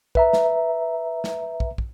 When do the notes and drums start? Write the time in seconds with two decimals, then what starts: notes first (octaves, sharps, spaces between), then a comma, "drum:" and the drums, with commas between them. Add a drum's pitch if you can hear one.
0.15 B4 E5 A#5, drum: kick
0.33 drum: snare
1.24 drum: snare
1.60 drum: kick
1.78 drum: kick